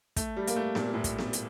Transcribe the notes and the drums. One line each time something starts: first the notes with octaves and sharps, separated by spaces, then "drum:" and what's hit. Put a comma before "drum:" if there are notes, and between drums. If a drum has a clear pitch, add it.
A3, drum: kick, hi-hat
G3
A#3, drum: hi-hat
A3
A#2, drum: snare B3
A2
drum: kick, hi-hat
drum: snare B3
drum: hi-hat